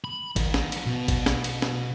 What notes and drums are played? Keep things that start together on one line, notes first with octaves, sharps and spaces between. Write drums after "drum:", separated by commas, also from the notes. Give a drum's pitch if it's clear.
B5
D#3, drum: kick, cymbal
drum: snare
drum: cymbal
B2
drum: kick, cymbal
drum: snare
drum: cymbal
drum: snare